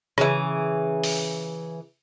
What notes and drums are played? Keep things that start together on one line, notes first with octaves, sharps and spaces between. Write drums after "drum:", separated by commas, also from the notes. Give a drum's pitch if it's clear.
C#3 E3, drum: rim click
drum: open hi-hat